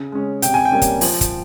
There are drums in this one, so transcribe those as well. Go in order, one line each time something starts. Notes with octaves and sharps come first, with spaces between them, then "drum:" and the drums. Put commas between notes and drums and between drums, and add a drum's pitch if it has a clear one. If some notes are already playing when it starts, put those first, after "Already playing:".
Already playing: C#3
G#3 C#4
C3 G5, drum: hi-hat
G#5
G5
G3 A#3 C#4
drum: kick, hi-hat
F3, drum: open hi-hat
drum: kick, hi-hat